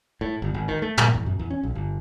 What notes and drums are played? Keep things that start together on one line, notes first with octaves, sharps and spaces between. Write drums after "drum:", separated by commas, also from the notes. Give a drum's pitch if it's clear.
A2
G1
G#1
D#3
A3
A#2, drum: tom
E2
F#2
E2
C#4
B1
G1